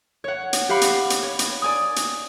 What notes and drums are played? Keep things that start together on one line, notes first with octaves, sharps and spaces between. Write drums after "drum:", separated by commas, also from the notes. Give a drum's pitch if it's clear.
C#5 F#5
drum: hi-hat
G4 F5 F#5 B5
drum: hi-hat
drum: hi-hat
C#5
drum: hi-hat
D5 G#5 D#6
drum: hi-hat